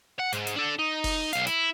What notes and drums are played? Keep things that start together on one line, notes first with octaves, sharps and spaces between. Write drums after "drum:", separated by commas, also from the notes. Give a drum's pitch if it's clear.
F#5
G#2, drum: hi-hat
drum: hi-hat
D4 A4
D#4
drum: kick F1, open hi-hat
B1 F5, drum: hi-hat
E4, drum: hi-hat